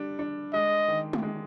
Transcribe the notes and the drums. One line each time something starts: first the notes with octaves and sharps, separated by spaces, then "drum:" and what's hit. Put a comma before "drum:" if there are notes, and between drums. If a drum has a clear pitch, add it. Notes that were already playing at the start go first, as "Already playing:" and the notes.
Already playing: G3 D4
D4
G#3 D#5
D#3
drum: tom
G#3